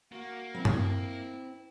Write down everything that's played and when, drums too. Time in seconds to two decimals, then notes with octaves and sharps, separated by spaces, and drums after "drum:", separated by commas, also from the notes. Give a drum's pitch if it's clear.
0.12 A#3 F#4
0.54 C4 E4
0.65 drum: tom G2